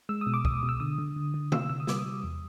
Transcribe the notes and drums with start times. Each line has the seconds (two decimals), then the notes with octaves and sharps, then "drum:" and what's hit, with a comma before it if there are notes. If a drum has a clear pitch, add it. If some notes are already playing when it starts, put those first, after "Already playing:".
0.09 G#3 E6
0.21 D#6
0.27 B2
0.34 D6
0.45 B2 D#6, drum: kick
0.63 B2
0.69 E6
0.80 D3 D#6
0.98 D3
1.16 D3
1.34 D3
1.52 C3 E6, drum: tom D3
1.69 C3 E6
1.80 D#6
1.87 G3 D6, drum: snare
1.99 D#6
2.05 G3
2.24 E2